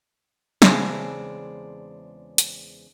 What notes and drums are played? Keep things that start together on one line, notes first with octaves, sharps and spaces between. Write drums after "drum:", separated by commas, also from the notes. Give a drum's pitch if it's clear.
E2 C#3 G#3 C4 D4, drum: snare
drum: hi-hat